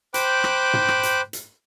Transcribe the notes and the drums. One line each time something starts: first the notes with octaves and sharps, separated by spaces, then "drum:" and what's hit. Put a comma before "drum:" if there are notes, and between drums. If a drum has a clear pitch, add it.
C5 G5 B5 D6 F#6, drum: hi-hat
drum: rim click
drum: tom
drum: rim click
drum: hi-hat
drum: hi-hat